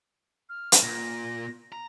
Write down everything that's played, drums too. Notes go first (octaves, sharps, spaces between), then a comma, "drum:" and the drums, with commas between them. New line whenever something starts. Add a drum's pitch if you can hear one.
F6
drum: hi-hat
A#2 A#6
A#5